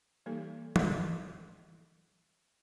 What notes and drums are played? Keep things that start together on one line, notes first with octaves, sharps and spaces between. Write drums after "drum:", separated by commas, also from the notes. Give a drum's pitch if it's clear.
E3 G3 A#3 D#4 G4 A4
drum: tom